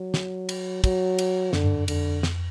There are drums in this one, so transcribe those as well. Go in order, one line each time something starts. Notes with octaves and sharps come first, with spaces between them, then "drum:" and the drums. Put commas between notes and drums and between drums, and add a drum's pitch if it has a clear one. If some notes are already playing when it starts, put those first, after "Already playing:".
Already playing: F#3
drum: snare
drum: cymbal
F#3, drum: kick, cymbal
drum: cymbal
F#2 D3, drum: snare
G2
F#2
F2 D3, drum: cymbal
drum: snare